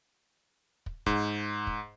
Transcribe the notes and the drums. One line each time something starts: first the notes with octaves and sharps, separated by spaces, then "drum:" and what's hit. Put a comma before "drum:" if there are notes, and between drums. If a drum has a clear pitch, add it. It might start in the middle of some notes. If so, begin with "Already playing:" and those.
drum: kick
G#2, drum: kick
drum: kick